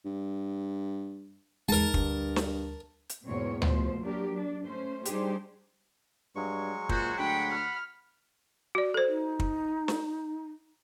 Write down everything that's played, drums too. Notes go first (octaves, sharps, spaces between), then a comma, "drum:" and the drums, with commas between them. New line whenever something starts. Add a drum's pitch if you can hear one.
G2
E2 G#2 G#3 A#4 A5
D2 G2, drum: kick
drum: snare
drum: hi-hat
E2 G#2 B2 A#3 C4 C#5
B2 F3 A3 C5, drum: tom D2
F#3 A#3 D4 G4 A#4
D4
A3 C#4 C5
G3 D4 D#4 G4 G#4 C5, drum: hi-hat
G2 F#3 G#3 C#6
A#2 C#4 F#4 C5, drum: kick
D2 F#5 G5 B5
F6
F#4 D5
A4 C5
D#4
drum: kick
drum: snare